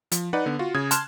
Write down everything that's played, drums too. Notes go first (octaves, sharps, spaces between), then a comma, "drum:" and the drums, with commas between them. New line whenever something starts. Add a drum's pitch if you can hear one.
F3, drum: hi-hat
D#4 B4 D5 F#5
D3 B3
F4 F#4
C#3 D#6 G#6
A5 C6 F6 F#6 E7, drum: hi-hat